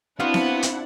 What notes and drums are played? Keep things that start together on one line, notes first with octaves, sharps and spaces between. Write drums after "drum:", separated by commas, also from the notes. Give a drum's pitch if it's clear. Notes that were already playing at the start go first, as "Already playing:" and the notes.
B3 C4 D4 E4 F#4 C5 F5 F#5
drum: snare B3
drum: hi-hat